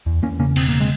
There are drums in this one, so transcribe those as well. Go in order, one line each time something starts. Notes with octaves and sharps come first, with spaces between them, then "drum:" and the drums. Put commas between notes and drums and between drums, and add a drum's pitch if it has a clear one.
E2
E2 A#3 C#4
C#3 A#3 C#4
E1 C4, drum: cymbal
C#3 A#3
G#3 C4